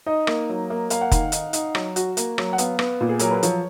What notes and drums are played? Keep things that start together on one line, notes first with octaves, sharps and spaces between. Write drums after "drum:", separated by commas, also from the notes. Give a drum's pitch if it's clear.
D#4 D#5
A#3, drum: rim click
F#3
A#3
A#3 F5, drum: hi-hat
F#5
D#3 F5, drum: kick F1, hi-hat
D#4, drum: hi-hat
D#4, drum: hi-hat
F#3, drum: rim click
F#4, drum: hi-hat
A#3, drum: hi-hat
F#3, drum: rim click
F#5
B3 F5, drum: hi-hat
B3, drum: rim click
A#2
G#4
F#3 A#4, drum: hi-hat
B4
F3 C#5, drum: hi-hat